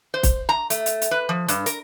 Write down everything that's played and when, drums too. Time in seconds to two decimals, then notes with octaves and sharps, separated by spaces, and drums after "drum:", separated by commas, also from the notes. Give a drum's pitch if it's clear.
0.14 C5
0.23 drum: kick, hi-hat
0.49 A#5
0.70 A3, drum: hi-hat
0.86 drum: hi-hat
1.02 drum: hi-hat
1.11 B4
1.29 F3
1.48 G2, drum: hi-hat
1.66 A#4, drum: hi-hat